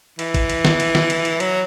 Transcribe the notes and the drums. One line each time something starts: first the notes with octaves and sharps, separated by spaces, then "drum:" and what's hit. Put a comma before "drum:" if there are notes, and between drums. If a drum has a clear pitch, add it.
E3, drum: cymbal
drum: kick, cymbal
drum: cymbal
drum: snare
drum: cymbal
drum: snare
drum: cymbal
drum: cymbal
F#3, drum: cymbal